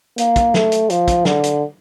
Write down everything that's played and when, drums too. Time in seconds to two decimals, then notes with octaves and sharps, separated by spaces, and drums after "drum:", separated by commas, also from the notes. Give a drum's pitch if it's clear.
0.18 A#3, drum: hi-hat
0.36 drum: kick, hi-hat
0.54 A3, drum: snare
0.72 drum: hi-hat
0.90 F3, drum: hi-hat
1.08 drum: kick, hi-hat
1.25 D3, drum: snare
1.44 drum: hi-hat